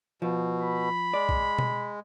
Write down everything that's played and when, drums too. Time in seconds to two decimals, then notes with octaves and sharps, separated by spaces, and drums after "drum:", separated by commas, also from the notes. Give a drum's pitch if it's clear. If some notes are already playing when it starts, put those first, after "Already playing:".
0.22 B2 F3
0.62 B5
1.14 G#3 D5
1.29 drum: kick B1
1.59 drum: tom B2